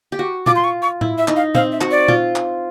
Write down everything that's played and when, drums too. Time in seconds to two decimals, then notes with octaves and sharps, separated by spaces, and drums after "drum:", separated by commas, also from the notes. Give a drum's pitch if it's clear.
0.12 G4
0.19 F#4
0.46 F4 D6, drum: tom A#2
0.56 C6
0.64 C#6
0.82 C#6
1.01 E4, drum: tom A2
1.18 E5
1.28 D#4, drum: clap
1.36 F5
1.55 C4 F5, drum: tom A#2
1.72 E5
1.81 F#4, drum: clap
1.91 D5
2.08 F4, drum: tom A#2
2.36 drum: clap